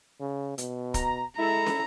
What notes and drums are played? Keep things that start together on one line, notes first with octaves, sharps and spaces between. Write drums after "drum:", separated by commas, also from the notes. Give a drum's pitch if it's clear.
C#3
B2, drum: hi-hat
A#5, drum: kick, hi-hat
G#3 E4 A4 A#5
drum: snare